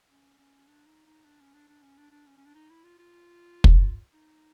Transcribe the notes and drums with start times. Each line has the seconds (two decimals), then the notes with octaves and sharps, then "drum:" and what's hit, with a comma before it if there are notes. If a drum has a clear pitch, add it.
0.10 C#4
0.38 C#4
0.67 D4
0.87 D#4
1.06 D#4
1.25 D4
1.40 C#4
1.54 D4
1.68 D4
1.82 C#4
1.98 D4
2.11 D4
2.27 C#4
2.37 C#4
2.46 D4
2.55 D#4
2.70 E4
2.84 F4
2.99 F4
3.64 drum: kick
4.13 D#4